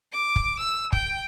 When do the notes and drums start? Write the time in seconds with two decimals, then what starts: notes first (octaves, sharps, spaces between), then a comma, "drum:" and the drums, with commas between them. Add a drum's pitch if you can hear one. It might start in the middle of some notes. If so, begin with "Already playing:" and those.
0.13 D6
0.36 drum: kick
0.59 E6
0.93 G5, drum: kick